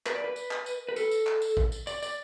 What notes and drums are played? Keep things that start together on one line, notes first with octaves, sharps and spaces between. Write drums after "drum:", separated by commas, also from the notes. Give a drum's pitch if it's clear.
B4, drum: clap
D5
B4
drum: tambourine
drum: clap
drum: tambourine
B4
A4, drum: tambourine
drum: tambourine
drum: clap
drum: tambourine
drum: kick
drum: tambourine
D5, drum: tambourine
D5, drum: tambourine